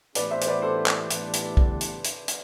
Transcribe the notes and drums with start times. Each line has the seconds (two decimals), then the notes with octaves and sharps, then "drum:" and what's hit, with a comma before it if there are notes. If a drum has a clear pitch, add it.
0.15 A2 E3 B3 D4 G4 B4 D5, drum: hi-hat
0.31 C5 E5
0.41 C5, drum: hi-hat
0.47 B4 D5
0.62 A4 C5
0.86 drum: clap
1.10 A2 E3 G3 B3 D4, drum: hi-hat
1.33 drum: hi-hat
1.57 drum: kick
1.81 drum: hi-hat
2.04 drum: hi-hat
2.28 drum: hi-hat